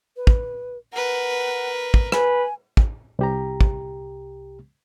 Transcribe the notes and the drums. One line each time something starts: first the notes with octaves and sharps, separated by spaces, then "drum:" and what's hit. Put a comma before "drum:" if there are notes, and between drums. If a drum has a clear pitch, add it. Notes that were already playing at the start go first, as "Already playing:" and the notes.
B4
drum: kick
A#4 B4 F#5
drum: kick
B4 G#5, drum: rim click
drum: kick
C2 G4 A#5
drum: kick